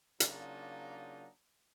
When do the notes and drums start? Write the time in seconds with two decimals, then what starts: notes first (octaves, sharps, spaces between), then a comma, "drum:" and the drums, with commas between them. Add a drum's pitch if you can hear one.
0.20 C#3 F#3 A#3 D4 D#4 F4, drum: hi-hat